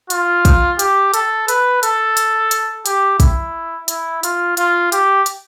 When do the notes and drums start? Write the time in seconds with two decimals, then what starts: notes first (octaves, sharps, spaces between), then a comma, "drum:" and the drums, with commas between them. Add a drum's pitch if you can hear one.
0.10 F4, drum: hi-hat
0.45 drum: kick, hi-hat
0.79 G4, drum: hi-hat
1.14 A4, drum: hi-hat
1.48 B4, drum: hi-hat
1.83 A4, drum: hi-hat
2.17 drum: hi-hat
2.51 drum: hi-hat
2.86 G4, drum: hi-hat
3.20 E4, drum: kick, hi-hat
3.88 E4, drum: hi-hat
4.23 F4, drum: hi-hat
4.57 F4, drum: hi-hat
4.92 G4, drum: hi-hat
5.26 drum: hi-hat